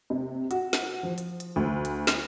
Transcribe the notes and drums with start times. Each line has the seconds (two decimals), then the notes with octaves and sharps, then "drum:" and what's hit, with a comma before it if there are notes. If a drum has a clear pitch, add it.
0.10 C3
0.51 F#4, drum: hi-hat
0.73 drum: snare
1.03 F3
1.18 drum: hi-hat
1.40 drum: hi-hat
1.56 D2
1.85 drum: hi-hat
2.07 drum: snare